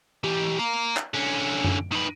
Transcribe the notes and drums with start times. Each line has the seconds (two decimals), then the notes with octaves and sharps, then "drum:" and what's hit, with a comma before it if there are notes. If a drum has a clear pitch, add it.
0.24 E3 G4
0.59 F5 A#5
0.97 drum: clap
1.14 D3 C#4
1.64 drum: tom F#2
1.92 D#3 B4